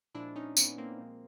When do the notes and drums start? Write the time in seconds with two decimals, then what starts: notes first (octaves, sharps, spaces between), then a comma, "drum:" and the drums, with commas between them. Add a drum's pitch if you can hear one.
0.15 A#2 F3 G#3 D4 E4
0.36 C#4 D#4
0.57 B3 C#4, drum: tambourine
0.78 A#3 C4
0.99 A#2 F3 G#3